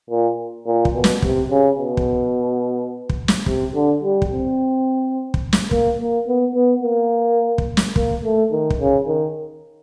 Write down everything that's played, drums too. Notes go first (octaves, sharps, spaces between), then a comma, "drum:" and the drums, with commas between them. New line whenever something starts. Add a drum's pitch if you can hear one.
A#2
A#2
drum: kick
B2
drum: snare
C3, drum: kick
C#3
B2
drum: kick
drum: kick
drum: snare
C3, drum: kick
D3
G3
drum: kick
C4
drum: kick
drum: snare
A#3, drum: kick
A#3
B3
B3
A#3
drum: kick
drum: snare
A#3, drum: kick
A3
D#3
drum: kick
C#3
D#3